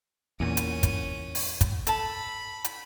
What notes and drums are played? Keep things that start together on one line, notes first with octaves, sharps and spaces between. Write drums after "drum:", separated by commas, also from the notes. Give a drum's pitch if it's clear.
E2 A#2 C#4 D#7
drum: hi-hat
drum: kick, hi-hat
drum: open hi-hat
drum: kick, hi-hat
A4 A5 B5, drum: hi-hat
drum: hi-hat